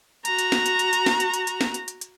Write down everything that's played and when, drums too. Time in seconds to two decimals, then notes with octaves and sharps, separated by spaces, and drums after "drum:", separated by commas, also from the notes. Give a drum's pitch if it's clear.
0.25 F#4 A#5, drum: hi-hat
0.39 drum: hi-hat
0.52 drum: snare
0.66 drum: hi-hat
0.79 drum: hi-hat
0.93 drum: hi-hat
1.06 drum: snare
1.20 drum: hi-hat
1.34 drum: hi-hat
1.47 drum: hi-hat
1.61 drum: snare
1.74 drum: hi-hat
1.88 drum: hi-hat
2.01 drum: hi-hat